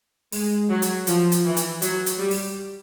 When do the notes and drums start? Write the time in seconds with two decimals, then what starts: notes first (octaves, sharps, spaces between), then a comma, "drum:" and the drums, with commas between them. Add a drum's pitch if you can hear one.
0.32 G#3, drum: open hi-hat
0.69 F#3
0.82 drum: hi-hat
1.07 F3, drum: hi-hat
1.32 drum: hi-hat
1.45 E3
1.57 drum: hi-hat
1.82 F#3, drum: hi-hat
2.06 drum: hi-hat
2.19 G3
2.31 drum: open hi-hat